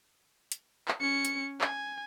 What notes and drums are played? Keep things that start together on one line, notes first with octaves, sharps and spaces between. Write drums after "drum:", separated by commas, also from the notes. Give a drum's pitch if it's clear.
drum: hi-hat
drum: clap
C#4 C#7
drum: hi-hat
G#5, drum: clap